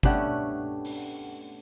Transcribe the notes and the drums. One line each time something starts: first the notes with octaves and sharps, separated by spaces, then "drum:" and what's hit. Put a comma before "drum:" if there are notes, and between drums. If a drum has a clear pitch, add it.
A3 B3 C#4 D4 G4 F#5, drum: kick
drum: open hi-hat